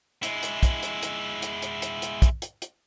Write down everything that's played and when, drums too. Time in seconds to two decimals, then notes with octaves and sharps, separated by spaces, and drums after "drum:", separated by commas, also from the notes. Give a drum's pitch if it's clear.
0.23 G#3 E4, drum: hi-hat
0.43 drum: hi-hat
0.63 drum: kick, hi-hat
0.83 drum: hi-hat
1.03 drum: hi-hat
1.42 drum: hi-hat
1.62 drum: hi-hat
1.82 drum: hi-hat
2.02 drum: hi-hat
2.22 drum: kick, hi-hat
2.42 drum: hi-hat
2.62 drum: hi-hat